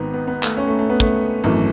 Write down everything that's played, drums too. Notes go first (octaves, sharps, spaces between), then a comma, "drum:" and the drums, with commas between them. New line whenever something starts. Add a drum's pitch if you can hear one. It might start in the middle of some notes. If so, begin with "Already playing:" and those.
Already playing: G#1 G#2 D#3 B3
B3
B3
A3, drum: clap
C#4
A3
A3
B3
A3, drum: kick
G#1 F#2 E3 A3